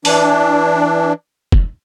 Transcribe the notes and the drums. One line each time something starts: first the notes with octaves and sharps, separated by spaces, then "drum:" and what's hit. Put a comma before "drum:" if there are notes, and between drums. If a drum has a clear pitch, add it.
E3 D4, drum: open hi-hat
drum: kick F1